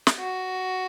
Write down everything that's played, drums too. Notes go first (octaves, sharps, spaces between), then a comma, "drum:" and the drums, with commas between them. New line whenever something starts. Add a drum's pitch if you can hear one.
drum: snare
F#4